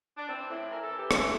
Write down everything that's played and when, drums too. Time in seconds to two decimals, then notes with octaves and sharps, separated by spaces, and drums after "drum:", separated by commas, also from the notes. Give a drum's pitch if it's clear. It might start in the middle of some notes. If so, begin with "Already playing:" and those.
0.17 D4
0.29 E3 C4
0.49 A2 E4
0.70 E3 A#4
0.83 A4
0.90 E3
0.97 G4
1.11 E3 A4, drum: rim click